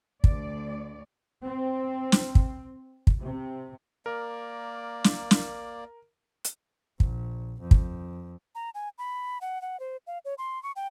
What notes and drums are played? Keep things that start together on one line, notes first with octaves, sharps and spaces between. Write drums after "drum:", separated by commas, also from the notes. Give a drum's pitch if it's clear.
D2 D5, drum: kick
C4
drum: snare
drum: kick
drum: kick
C3
A#3 A#4 D5
drum: snare
drum: snare
drum: hi-hat
A#1, drum: kick
F2
drum: kick
A#5
G#5
B5
F#5
F#5
C5
F5
C#5
C6
C#6
G5